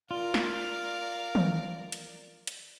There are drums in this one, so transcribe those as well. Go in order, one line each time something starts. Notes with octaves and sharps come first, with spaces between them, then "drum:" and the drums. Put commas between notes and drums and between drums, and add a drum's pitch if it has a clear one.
F4 A#4 D5 F5
drum: snare
drum: tom
drum: hi-hat
drum: hi-hat